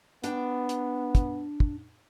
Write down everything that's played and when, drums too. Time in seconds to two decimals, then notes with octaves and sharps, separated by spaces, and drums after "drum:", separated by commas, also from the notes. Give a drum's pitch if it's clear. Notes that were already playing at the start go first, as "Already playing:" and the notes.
0.24 B3 D4 G5, drum: hi-hat
0.69 drum: hi-hat
1.15 drum: kick, hi-hat
1.60 drum: kick